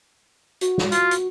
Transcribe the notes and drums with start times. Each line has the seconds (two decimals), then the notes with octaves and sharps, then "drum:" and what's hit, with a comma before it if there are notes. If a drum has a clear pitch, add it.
0.61 F#4, drum: hi-hat
0.78 drum: snare
0.92 F4, drum: hi-hat
1.11 drum: hi-hat